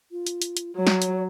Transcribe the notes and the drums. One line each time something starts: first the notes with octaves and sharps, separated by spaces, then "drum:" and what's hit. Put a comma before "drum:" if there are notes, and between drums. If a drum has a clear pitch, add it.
F4
drum: hi-hat
drum: hi-hat
drum: hi-hat
F#3 C#5
drum: snare
drum: hi-hat